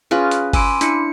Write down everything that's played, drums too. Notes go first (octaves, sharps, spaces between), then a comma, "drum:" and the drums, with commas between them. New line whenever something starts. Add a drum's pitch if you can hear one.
C#4 F4 G#4 B4
drum: hi-hat
G#5 B5 C6 D6 E6 D7, drum: kick F#1, open hi-hat
D4 E4 C#7, drum: hi-hat